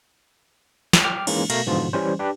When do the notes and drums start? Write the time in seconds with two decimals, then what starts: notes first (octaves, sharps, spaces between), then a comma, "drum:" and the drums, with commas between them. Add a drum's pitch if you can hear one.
0.93 drum: snare
1.04 G5 D6 F6
1.27 E3 G#3 A#3 C#4 D#4, drum: cymbal
1.50 B2 A3 A#4 F5 A#6, drum: cymbal
1.67 G#2 B2 D3 E3 F3 F4
1.93 E3 G3 C#4 C5
2.19 D4 G4 B4